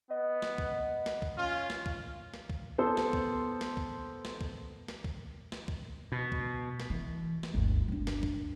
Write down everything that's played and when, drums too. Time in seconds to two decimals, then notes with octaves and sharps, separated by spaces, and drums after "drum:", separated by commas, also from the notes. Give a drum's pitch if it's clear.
0.11 B3 D#5
0.42 drum: snare
0.58 drum: kick
1.06 drum: snare
1.22 drum: kick
1.37 C#4 F4 F6
1.70 drum: snare
1.86 drum: kick
2.34 drum: snare
2.49 drum: kick
2.78 B3 A4 C5
2.97 drum: snare
3.13 drum: kick
3.61 drum: snare
3.77 drum: kick
4.25 drum: snare
4.41 drum: kick
4.88 drum: snare
5.04 drum: kick
5.52 drum: snare
5.68 drum: kick
6.12 B2
6.32 drum: kick
6.80 drum: snare
6.90 E3
7.43 drum: snare
7.54 G1 D2
7.88 G2 D4
8.07 drum: snare
8.23 drum: kick